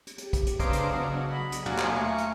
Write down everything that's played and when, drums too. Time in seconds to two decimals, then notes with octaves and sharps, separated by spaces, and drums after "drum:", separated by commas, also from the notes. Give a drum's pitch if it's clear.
0.07 drum: hi-hat
0.18 G4, drum: hi-hat
0.33 drum: kick, hi-hat
0.46 drum: hi-hat
0.60 C#3 B3 D4 C5 D#5 F5 A#5 D6, drum: kick, hi-hat
0.73 drum: hi-hat
0.93 C#3 F#3
1.31 D#5 B5
1.52 drum: hi-hat
1.66 D#2 F#3 D4 F#4 F5 G#5 A#5, drum: tom
1.78 drum: clap
1.96 A3 C#6
2.18 drum: hi-hat